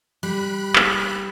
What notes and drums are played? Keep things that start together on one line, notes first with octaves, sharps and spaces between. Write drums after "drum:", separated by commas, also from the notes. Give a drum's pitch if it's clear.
G3 B5 F#6
drum: clap